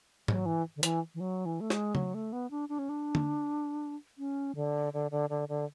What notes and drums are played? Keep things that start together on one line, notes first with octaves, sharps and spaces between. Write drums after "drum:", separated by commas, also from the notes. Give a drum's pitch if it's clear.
F#3, drum: tom G#2
E3
D3
E3, drum: hi-hat
E3
F#3
E3
A3
G#3, drum: snare
F#3, drum: tom C#3
A3
B3
D4
D4
C#4
D4
drum: tom D3
C#4
D3
D3
D3
D3
D3